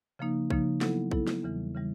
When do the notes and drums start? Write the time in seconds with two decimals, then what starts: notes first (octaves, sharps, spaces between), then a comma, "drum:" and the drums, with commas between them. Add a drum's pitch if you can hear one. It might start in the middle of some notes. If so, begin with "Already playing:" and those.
0.19 C#3 F3 A#3 D#4
0.50 C#3 F3 A#3 D#4, drum: kick B1
0.81 F#3 B3 E4 A4, drum: snare
1.11 F#3 B3 E4 A4, drum: kick B1
1.27 drum: snare
1.43 E2 C#3 E3 G3
1.74 C#3 E3 G3